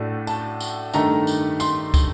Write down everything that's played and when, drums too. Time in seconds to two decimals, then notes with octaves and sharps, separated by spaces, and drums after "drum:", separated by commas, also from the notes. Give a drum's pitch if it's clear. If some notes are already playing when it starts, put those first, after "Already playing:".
Already playing: A2 A3 D4 F#4
0.27 A5, drum: tambourine
0.60 drum: tambourine
0.93 G2 D#3 A3 D#4 A#5, drum: tambourine
1.27 drum: tambourine
1.60 C6, drum: tambourine
1.94 drum: kick, tambourine